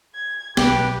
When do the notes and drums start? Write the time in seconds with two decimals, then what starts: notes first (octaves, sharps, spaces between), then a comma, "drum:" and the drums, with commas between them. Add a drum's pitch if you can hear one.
0.15 G#6
0.57 B1 G4 B4, drum: snare